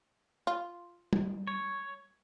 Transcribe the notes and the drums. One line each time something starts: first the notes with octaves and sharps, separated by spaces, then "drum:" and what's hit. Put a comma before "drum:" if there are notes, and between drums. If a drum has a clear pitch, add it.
F4
drum: tom G3
C#5